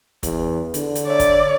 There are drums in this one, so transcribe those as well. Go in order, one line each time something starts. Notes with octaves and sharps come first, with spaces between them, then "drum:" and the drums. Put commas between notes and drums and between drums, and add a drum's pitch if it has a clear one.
E2, drum: kick, hi-hat
D3, drum: hi-hat
drum: hi-hat
C#5 D5 E5
drum: kick, hi-hat